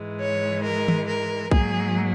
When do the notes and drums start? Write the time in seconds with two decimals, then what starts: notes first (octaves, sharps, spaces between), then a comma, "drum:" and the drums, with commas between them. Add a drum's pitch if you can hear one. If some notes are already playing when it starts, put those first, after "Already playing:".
Already playing: G#2 E3 G#3
0.20 C#5
0.64 A#4
0.88 drum: tom D#3
1.07 A#4
1.51 G#2 F#3 A#3 G#4, drum: kick B1